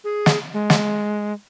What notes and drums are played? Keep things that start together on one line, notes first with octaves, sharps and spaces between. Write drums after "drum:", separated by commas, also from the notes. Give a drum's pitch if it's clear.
G#4
drum: snare
G#3
drum: snare